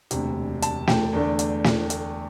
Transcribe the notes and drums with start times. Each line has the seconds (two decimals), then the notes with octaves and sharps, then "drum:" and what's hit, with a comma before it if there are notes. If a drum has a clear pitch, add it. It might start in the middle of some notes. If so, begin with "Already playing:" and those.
0.11 E1 D2 C3, drum: hi-hat
0.62 A5, drum: hi-hat
0.87 G5, drum: snare
1.13 E2 D3 A3 D4
1.39 drum: hi-hat
1.64 drum: snare
1.90 drum: hi-hat